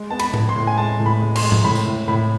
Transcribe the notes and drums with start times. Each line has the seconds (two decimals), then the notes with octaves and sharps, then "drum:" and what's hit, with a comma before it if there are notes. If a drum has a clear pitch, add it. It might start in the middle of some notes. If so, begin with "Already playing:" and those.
Already playing: G#3
0.10 B3 A5
0.19 B5, drum: cymbal
0.34 B3, drum: tom A2
0.49 C6
0.55 A2
0.67 G#5
0.77 G#3 A5
0.99 A2
1.06 B5
1.21 G#3
1.35 C6, drum: cymbal
1.42 G#3
1.52 drum: tom G#2
1.64 A2 B5
1.75 drum: tambourine
1.85 A2
2.08 A2 B5